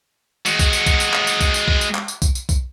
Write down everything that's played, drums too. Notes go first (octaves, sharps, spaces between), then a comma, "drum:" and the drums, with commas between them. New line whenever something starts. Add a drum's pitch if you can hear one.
G#3 F#4, drum: tambourine
drum: kick, tambourine
drum: tambourine
drum: kick, tambourine
drum: tambourine
drum: clap
drum: tambourine
drum: kick, tambourine
drum: tambourine
drum: kick
drum: tambourine
drum: clap
drum: tambourine
drum: kick, tambourine
drum: tambourine
drum: kick, tambourine